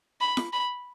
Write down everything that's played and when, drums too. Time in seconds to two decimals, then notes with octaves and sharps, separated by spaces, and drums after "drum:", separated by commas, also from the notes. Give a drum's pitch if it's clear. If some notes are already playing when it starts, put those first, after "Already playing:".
0.21 B5
0.37 drum: snare
0.53 B5